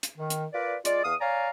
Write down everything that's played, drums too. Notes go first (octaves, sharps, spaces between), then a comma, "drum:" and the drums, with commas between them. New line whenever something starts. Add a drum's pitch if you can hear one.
drum: hi-hat
D#3
drum: hi-hat
F4 A#4 B4 D5
G#3 F4 D5, drum: hi-hat
E2 F5 D#6
C#5 D5 F5 G#5 A#5